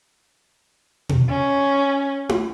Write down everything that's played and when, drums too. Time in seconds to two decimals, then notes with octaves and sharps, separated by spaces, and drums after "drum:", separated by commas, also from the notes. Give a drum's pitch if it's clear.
1.09 drum: tom B2
1.29 C#4
2.29 drum: tom E4